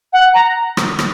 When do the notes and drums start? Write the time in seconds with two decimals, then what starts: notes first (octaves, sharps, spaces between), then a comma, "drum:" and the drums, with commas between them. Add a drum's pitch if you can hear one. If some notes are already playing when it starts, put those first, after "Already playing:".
0.13 F#5
0.34 A#5
0.77 drum: rim click
0.99 drum: rim click